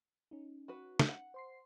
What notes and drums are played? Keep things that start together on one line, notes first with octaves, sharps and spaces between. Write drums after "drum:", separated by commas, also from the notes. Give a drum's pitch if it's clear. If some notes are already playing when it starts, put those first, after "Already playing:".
C#4 D#4
F#4 B4
drum: snare
F#5
C5 C6 C7